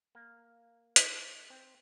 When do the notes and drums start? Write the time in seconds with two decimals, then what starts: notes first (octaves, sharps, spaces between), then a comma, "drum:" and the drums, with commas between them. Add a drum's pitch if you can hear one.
0.15 A#3
0.96 drum: hi-hat
1.50 C4